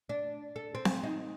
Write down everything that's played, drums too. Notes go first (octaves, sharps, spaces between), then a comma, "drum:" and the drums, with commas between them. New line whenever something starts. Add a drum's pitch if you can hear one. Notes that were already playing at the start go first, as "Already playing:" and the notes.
D4
A4
C4
drum: snare C4
D#4